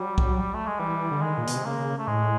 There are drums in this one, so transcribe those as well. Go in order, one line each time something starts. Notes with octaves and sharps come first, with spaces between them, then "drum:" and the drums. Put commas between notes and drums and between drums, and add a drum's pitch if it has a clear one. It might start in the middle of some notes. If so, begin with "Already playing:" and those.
Already playing: F#3 G3
drum: kick B1
A3
G#3
E3 G3
D3
D#3 G#3
A#2
B2, drum: hi-hat
C3
C#3 A#3
A3
A2 G#3